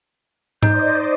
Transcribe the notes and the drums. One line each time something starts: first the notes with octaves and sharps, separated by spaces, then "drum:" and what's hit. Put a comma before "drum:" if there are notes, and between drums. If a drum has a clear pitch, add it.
D#4 C5 D5 D#5 G6, drum: tom G#2